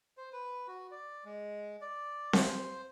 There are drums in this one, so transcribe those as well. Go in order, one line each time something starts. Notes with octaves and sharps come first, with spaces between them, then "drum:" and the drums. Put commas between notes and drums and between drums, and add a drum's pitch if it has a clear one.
C5
B4
F#4
D5
G#3
D5
C5, drum: snare C4